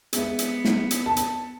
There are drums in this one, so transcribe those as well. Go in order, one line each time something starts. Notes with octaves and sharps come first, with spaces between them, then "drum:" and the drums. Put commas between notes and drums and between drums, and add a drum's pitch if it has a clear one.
G#3 B3 E5, drum: hi-hat
drum: hi-hat
drum: snare
drum: hi-hat
A5
drum: hi-hat